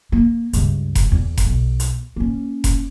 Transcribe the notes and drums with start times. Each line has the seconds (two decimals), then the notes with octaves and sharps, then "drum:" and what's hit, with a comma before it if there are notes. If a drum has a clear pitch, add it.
0.12 A#3
0.53 C#2 G2, drum: hi-hat
0.95 drum: kick F1, hi-hat
1.12 E2
1.38 drum: kick F1, hi-hat
1.47 B1
1.80 drum: hi-hat
2.16 A#3 C#4
2.64 drum: kick F1, hi-hat